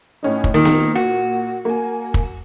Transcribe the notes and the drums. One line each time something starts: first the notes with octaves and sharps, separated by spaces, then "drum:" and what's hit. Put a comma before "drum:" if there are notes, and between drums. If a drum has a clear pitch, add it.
A2 C#4 D#4
drum: kick
A#2 D#3
drum: snare B3
F#4
A#3 G#5
drum: kick